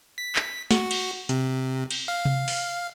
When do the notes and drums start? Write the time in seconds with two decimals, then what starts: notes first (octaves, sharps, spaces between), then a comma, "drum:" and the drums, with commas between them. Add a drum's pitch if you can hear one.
0.18 B6
0.36 drum: clap
0.71 F#4, drum: snare
0.91 drum: cymbal
1.29 C3, drum: hi-hat
1.91 drum: cymbal
2.08 F5
2.25 drum: tom C3
2.48 drum: open hi-hat